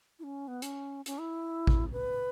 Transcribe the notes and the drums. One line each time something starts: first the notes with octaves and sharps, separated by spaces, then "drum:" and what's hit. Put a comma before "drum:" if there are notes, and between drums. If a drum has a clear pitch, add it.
E4
C#4
B3
C#4, drum: hi-hat
C#4, drum: hi-hat
E4
drum: kick A1
B4